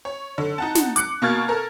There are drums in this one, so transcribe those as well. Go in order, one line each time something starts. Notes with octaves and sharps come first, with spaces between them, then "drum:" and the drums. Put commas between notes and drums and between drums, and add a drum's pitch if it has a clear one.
C#5
D3
D#4 F#5 A5
drum: snare
D6 F#6 C#7, drum: hi-hat
B2 A#3 C#6 F6 G#6 A6
A4 A#4 A#5